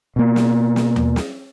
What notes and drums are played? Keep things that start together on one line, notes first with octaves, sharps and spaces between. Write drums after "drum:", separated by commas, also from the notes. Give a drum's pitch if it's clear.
B2 A#3
drum: snare
drum: snare
drum: tom D#2
drum: snare